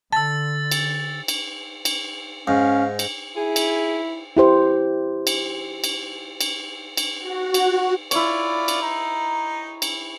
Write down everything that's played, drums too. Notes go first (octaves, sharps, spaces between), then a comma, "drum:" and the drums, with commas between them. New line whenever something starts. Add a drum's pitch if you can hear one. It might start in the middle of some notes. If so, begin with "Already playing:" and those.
D3 A5 E6 A6
drum: cymbal
drum: cymbal
drum: cymbal
G#2 C#4 F5
drum: cymbal
E4 G#4
drum: cymbal
E4 G4 C5
drum: cymbal
drum: cymbal
drum: cymbal
drum: cymbal
F#4
drum: cymbal
E4 F4 C#5 D5, drum: cymbal
drum: cymbal
D#4 A#5
drum: cymbal